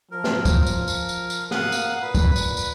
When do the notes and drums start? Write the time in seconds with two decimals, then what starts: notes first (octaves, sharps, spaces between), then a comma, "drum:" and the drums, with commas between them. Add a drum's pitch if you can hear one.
0.11 F3 A#4
0.24 drum: snare
0.45 drum: kick, tambourine
0.67 drum: tambourine
0.88 drum: tambourine
1.09 drum: tambourine
1.30 drum: tambourine
1.51 A#3 F5 F#5 D#6, drum: snare
1.72 drum: tambourine
2.02 A#2 B4
2.15 drum: kick, tambourine
2.36 drum: tambourine
2.57 drum: tambourine